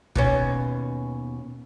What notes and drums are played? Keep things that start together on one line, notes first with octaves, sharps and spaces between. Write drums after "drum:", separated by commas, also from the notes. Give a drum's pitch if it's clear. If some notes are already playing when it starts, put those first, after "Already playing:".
D#2 B2 C#4, drum: kick